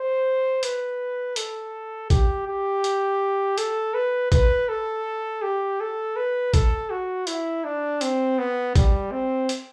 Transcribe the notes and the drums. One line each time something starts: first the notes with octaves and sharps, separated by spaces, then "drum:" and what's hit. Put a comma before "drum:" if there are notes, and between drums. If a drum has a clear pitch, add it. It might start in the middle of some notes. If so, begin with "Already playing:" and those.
Already playing: C5
B4, drum: hi-hat
A4, drum: hi-hat
G4, drum: kick, hi-hat
G4
drum: hi-hat
A4, drum: hi-hat
B4
B4, drum: kick, hi-hat
A4
G4
A4
B4
A4, drum: kick, hi-hat
F#4
E4, drum: hi-hat
D4
C4, drum: hi-hat
B3
G3, drum: kick, hi-hat
C4
drum: hi-hat